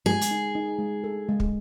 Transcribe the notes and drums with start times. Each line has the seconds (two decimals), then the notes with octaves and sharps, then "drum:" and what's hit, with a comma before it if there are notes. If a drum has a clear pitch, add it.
0.06 G#3 G#4
0.21 drum: hi-hat
0.31 D#4
0.55 D#4
0.79 G#3
1.04 A4
1.29 G#3
1.40 drum: kick